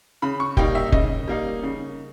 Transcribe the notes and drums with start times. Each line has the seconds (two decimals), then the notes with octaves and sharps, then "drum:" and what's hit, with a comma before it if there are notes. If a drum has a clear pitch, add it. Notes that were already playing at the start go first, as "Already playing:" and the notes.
0.22 C#3 B5
0.40 C#6
0.57 G3 A#3 D#4 G5, drum: kick F1
0.75 E5
0.92 C#3 D#5, drum: kick F1
1.28 G3 A#3 D#4
1.63 C#3